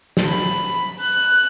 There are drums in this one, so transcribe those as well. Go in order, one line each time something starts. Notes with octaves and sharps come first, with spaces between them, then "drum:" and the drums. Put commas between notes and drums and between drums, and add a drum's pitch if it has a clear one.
drum: snare
B5
F#6